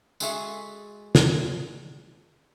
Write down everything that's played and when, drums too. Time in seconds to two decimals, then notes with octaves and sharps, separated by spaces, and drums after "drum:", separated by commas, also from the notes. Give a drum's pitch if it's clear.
0.20 G#3 F#4 G#4 A4 E5, drum: tambourine
1.15 drum: snare